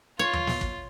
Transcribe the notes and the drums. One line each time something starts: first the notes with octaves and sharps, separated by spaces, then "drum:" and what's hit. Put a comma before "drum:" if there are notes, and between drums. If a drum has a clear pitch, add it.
F4 C#5
drum: tom D#2
drum: snare
drum: kick